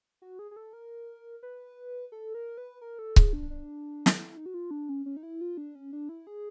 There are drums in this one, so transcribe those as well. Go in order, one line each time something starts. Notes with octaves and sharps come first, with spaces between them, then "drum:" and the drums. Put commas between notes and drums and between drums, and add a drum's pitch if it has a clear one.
F#4
G#4
G#4
A4
A#4
B4
A4
A#4
B4
A#4
A4
G#4, drum: kick C#1
D4
D4
drum: snare
E4
D#4
F#4
F4
D4
C#4
C#4
D#4
E4
F4
D4
C#4
D4
E4
G#4